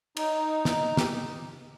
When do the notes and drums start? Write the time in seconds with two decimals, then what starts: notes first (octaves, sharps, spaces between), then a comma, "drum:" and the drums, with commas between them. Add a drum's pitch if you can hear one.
0.17 D#4, drum: cymbal
0.65 drum: snare
0.97 G4, drum: snare